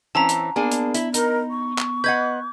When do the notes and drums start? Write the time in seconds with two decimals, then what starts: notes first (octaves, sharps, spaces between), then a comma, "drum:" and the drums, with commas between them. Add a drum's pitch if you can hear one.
0.15 E3 C4 C#4 A5 A#5
0.29 drum: hi-hat
0.56 A#3 B3 D4 G#4
0.72 drum: hi-hat
0.95 E4, drum: hi-hat
1.14 D#4 A#4, drum: hi-hat
1.50 C#6
1.78 drum: clap
2.04 B4 D#5 F#5 G6 G#6